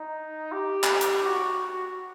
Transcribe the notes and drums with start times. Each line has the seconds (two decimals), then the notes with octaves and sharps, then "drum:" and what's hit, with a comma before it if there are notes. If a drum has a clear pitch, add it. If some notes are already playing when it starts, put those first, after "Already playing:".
Already playing: D#4
0.52 G4
0.84 drum: clap
1.01 drum: hi-hat
1.26 F#4